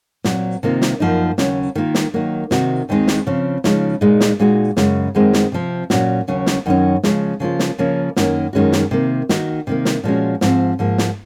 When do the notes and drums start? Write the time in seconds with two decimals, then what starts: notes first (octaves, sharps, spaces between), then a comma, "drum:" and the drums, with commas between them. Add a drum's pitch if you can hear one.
0.24 A#2 F#3 C4, drum: snare
0.63 C3 D#3 A#3 F4
0.82 drum: snare
1.00 F#2 F3 A#3 D#4
1.38 D#2 C#3 F#3 C#4, drum: snare
1.75 D#3 A#3 F4
1.94 drum: snare
2.14 D#3 F#3 A#3
2.51 C3 D#3 A#3 D#4 F#4, drum: snare
2.89 D#2 D#3 G#3 C4 D#4
3.07 drum: snare
3.27 C#3 F3 C4
3.64 C#3 F3 G#3 D#4, drum: snare
4.01 A#2 G#3 D#4
4.20 drum: snare
4.40 A#2 G#3 D#4 F#4
4.77 F#2 C#3 G#3, drum: snare
5.15 F#2 D#3 G#3 C4
5.33 drum: snare
5.52 C3 F3 C4
5.90 A#2 F#3 C#4 F#4, drum: snare
6.28 D#2 C#3 F#3 C#4
6.46 drum: snare
6.66 F#2 D#3 F#3 C#4
7.03 C#3 F3 G#3, drum: snare
7.40 C#3 F3 A#3 F4
7.59 drum: snare
7.78 C#3 F3 A#3 C#4
8.16 F#2 D#3 A#3 C#4, drum: snare
8.53 F#2 D#3 G#3 C#4 F#4
8.72 drum: snare
8.91 C3 D#3 A#3
9.29 D#3 A#3 D#4 F#4, drum: snare
9.67 C3 D#3 A#3
9.85 drum: snare
10.04 A#2 F3 G#3 C#4 F#4
10.41 G#2 F3 C4, drum: snare
10.79 G#2 F3 A#3
10.98 drum: snare